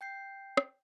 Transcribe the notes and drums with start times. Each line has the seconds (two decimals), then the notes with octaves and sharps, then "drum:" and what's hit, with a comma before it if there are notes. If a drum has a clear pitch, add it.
0.01 G5 G6 C7
0.57 drum: rim click